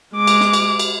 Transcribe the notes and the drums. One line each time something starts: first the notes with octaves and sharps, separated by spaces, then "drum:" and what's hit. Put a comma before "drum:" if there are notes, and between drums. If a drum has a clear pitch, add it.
G#3 D6
drum: cymbal
drum: snare
drum: cymbal
drum: cymbal